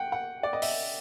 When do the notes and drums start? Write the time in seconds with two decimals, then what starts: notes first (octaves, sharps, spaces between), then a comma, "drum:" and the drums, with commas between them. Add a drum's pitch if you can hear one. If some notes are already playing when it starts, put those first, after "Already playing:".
Already playing: F#5 G5
0.12 F#5
0.43 D5
0.53 D#5
0.62 E5, drum: open hi-hat